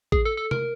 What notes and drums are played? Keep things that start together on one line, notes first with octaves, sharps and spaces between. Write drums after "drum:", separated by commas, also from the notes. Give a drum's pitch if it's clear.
G#4, drum: kick A1
A4
A4
A#4, drum: tom